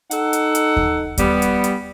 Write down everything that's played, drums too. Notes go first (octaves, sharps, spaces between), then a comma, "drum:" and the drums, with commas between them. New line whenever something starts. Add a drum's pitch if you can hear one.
D#4 A4 F#5, drum: hi-hat
drum: hi-hat
drum: hi-hat
drum: kick D#2
G3 B3, drum: kick D#2, hi-hat
drum: hi-hat
drum: hi-hat